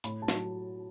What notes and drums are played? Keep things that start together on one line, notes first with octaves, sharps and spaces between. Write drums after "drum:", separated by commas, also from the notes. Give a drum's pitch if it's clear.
A2 B5, drum: hi-hat
A5
F#3, drum: snare